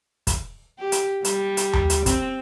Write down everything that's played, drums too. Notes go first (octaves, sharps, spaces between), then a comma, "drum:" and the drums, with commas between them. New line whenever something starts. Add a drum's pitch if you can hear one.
drum: kick, hi-hat
G4
drum: hi-hat
G3, drum: hi-hat
drum: hi-hat
drum: tom D#2
drum: hi-hat
C4, drum: kick, hi-hat